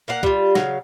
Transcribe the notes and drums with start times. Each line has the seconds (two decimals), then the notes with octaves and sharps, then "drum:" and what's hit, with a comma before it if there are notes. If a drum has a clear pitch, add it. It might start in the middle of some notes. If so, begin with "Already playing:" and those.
0.08 A#3 F5 F#5
0.23 G3 F4, drum: kick
0.55 C#3 F#3 F5, drum: snare